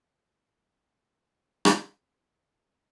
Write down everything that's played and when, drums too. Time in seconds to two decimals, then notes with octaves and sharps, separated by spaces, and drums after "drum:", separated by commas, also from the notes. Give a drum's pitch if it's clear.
1.65 drum: rim click
2.15 D6
2.50 E4 B4 A5 A#5 C#6